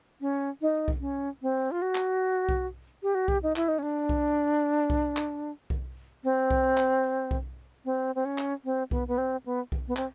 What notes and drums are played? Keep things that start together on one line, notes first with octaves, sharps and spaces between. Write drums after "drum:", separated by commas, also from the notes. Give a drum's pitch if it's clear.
C#4
D#4
drum: kick B1
C#4
C4
F4
F#4
drum: clap
drum: kick B1
G4
F#4
G4, drum: kick B1
D#4
E4, drum: clap
D#4
C#4
D4
drum: kick B1
drum: kick B1
drum: clap
drum: kick B1
C4
drum: kick B1
drum: clap
drum: kick B1
C4
C4
C#4
drum: clap
C4
B3, drum: kick B1
B3
C4
B3
drum: kick B1
B3
C4, drum: clap